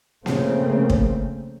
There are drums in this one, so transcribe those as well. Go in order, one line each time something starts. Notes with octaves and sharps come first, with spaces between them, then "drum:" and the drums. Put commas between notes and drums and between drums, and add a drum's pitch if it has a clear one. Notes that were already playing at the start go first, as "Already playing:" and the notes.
C#3 F3 A3 A#3 C4, drum: snare A#3
drum: kick